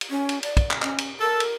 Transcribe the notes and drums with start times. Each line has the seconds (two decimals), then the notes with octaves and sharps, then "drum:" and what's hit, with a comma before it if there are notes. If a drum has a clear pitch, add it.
0.01 drum: cymbal
0.10 C#4
0.29 drum: cymbal
0.43 D5, drum: cymbal
0.57 drum: kick, cymbal
0.71 drum: clap
0.82 C#4, drum: clap
0.98 drum: cymbal
1.20 A4 A#4 A5
1.40 drum: cymbal